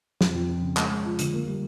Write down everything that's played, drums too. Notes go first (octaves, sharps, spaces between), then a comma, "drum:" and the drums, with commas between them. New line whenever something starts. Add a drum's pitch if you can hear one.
F2, drum: snare
F2
F3
C#3
G#3, drum: clap
G#3
F3
D3, drum: hi-hat
A#3
G3